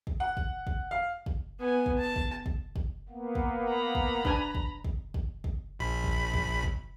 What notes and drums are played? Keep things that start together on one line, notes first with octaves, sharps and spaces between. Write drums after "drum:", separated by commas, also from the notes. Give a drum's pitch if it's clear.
drum: kick
F#5
drum: kick
drum: kick
F5
drum: kick
B3 G#5
drum: kick
A5
drum: kick
drum: kick
drum: kick
A#3 B3
drum: kick
A#5 B5
drum: kick
D4 B4 G#5, drum: kick
drum: kick
drum: kick
drum: kick
drum: kick
A#1 B5
drum: kick
drum: kick
drum: kick